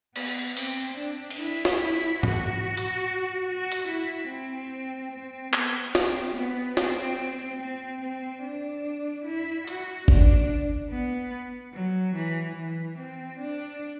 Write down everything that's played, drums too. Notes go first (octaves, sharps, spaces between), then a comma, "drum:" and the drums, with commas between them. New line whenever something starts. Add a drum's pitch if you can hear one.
B3, drum: cymbal
C4, drum: open hi-hat
D4
drum: cymbal
E4
drum: snare
E4
F#4, drum: tom G#2
drum: hi-hat
F#4
drum: hi-hat
E4
C4
C4
B3, drum: clap
C4, drum: snare
B3
C4, drum: snare
C4
C4
D4
E4
F#4, drum: hi-hat
D4, drum: kick G1
B3
F#3
E3
E3
C4
D4